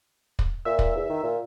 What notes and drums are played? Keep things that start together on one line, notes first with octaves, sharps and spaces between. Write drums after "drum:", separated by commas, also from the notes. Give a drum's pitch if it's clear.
drum: kick
A#2 E5
drum: kick
E2
D#3
A#2